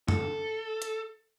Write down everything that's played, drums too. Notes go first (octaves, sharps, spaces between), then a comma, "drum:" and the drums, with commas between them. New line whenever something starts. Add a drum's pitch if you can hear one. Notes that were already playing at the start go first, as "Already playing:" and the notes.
A4, drum: tom
drum: hi-hat